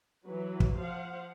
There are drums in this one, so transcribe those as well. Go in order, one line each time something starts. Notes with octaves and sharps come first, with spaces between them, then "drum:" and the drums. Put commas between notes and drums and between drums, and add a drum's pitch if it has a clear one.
E3 F#3 B4
drum: kick
F3 C5 F5 F#5